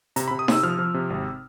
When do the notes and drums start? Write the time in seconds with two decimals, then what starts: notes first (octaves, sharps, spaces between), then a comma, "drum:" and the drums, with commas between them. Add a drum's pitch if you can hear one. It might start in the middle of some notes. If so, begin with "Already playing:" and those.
0.16 C3 A#5, drum: hi-hat
0.28 B5
0.31 C3
0.39 D#6
0.48 C3 E6, drum: snare D#4
0.63 F3 F6
0.79 F3
0.94 C3
1.10 G#1